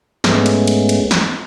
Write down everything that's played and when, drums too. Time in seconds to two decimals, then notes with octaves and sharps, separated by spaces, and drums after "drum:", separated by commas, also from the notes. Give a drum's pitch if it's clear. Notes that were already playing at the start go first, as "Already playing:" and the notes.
0.24 G#2 G#3 A3 B3 C#4, drum: snare
0.46 drum: cymbal
0.67 drum: cymbal
0.89 drum: cymbal
1.11 drum: snare